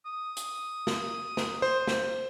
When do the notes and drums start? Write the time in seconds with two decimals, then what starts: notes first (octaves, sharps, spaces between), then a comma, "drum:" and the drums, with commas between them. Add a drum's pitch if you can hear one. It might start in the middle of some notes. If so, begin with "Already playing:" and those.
0.06 D#6
0.37 drum: hi-hat
0.87 drum: snare
1.37 drum: snare
1.62 C5
1.87 drum: snare